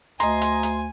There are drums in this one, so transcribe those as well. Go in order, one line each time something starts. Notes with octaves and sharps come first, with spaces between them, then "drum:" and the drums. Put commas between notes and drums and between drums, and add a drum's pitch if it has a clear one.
D2 D#5 G#5 A#5 C6, drum: hi-hat
drum: hi-hat
drum: hi-hat